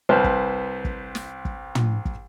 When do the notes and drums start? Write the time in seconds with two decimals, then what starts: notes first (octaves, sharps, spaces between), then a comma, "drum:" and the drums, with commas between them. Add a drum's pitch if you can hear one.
0.09 C2 B4 C5 A5 F6
0.24 drum: kick
0.85 drum: kick
1.15 drum: snare
1.45 drum: kick
1.75 drum: tom
2.05 drum: kick